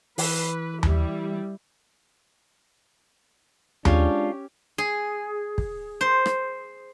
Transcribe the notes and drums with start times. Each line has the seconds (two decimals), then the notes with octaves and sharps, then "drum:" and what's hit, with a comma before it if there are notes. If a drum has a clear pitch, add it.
0.18 E3 B4, drum: open hi-hat
0.83 G3 E4, drum: tom D#2
3.85 G#3 C#4 D4 F4 G4, drum: tom D#2
4.78 G#4
5.58 drum: kick
6.01 C5
6.26 drum: rim click